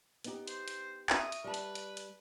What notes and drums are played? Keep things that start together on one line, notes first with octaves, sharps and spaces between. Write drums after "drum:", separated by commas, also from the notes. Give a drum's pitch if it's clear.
B3 D#4 G4, drum: hi-hat
C5, drum: hi-hat
drum: hi-hat
F#4 E5 D#6, drum: clap
drum: hi-hat
G3 B4 A5
drum: hi-hat
drum: hi-hat
drum: hi-hat